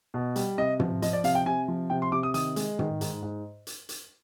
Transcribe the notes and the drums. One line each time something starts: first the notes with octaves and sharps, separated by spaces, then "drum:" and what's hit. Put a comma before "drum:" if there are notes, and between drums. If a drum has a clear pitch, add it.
B2
G3, drum: hi-hat
C3 D#5
F3, drum: tom
F3 D#5, drum: hi-hat
D5
C3 F5, drum: hi-hat
G5
C3 G#5
F3
C3 G5
C6
C3 D6
D#6
D#3 D#6, drum: hi-hat
G#3, drum: hi-hat
D#3, drum: tom
G#2, drum: hi-hat
G#2
drum: hi-hat
drum: hi-hat